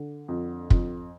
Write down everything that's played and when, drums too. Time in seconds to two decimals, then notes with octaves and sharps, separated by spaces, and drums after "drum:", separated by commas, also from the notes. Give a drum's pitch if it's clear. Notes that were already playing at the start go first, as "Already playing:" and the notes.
Already playing: D3
0.28 F2
0.70 F2, drum: kick